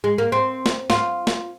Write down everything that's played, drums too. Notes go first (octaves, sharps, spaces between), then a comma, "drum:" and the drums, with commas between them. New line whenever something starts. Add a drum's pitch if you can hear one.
G#3
A#3
C4
drum: snare
F4, drum: snare
drum: snare